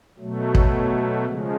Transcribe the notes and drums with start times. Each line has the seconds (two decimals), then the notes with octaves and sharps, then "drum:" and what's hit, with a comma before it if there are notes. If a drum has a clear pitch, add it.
0.19 B2 F#3 A3
0.55 drum: kick
1.26 C#3 F3 G#3